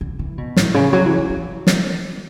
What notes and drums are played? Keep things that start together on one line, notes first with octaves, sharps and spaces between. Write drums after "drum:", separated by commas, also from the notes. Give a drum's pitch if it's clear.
D3
E3
B2
A2, drum: snare
C#3
F#3
E3
D3
E3
drum: snare